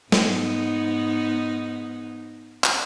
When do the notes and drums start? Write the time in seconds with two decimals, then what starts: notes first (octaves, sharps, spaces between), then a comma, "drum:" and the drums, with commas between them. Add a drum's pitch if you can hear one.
0.12 G#2 B3 D#4, drum: snare
2.64 drum: clap